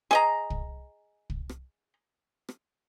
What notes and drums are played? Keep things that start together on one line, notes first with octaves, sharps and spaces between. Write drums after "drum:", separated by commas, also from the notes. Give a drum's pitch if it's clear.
G#4 D#5 A#5, drum: rim click
drum: kick
drum: kick
drum: rim click
drum: rim click